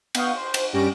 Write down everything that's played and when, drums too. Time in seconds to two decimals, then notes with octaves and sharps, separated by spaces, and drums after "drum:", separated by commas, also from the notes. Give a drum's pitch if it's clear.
0.15 B3 F5 F#5 C#6 D#6 G6, drum: cymbal
0.36 C5
0.54 drum: cymbal
0.73 G2 G3 C#4 G4 A#6 D7